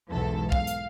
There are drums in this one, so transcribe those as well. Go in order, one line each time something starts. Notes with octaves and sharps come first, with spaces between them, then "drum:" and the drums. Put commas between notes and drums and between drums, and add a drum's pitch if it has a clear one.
B1 E2 G#2 A4
F5, drum: kick
drum: hi-hat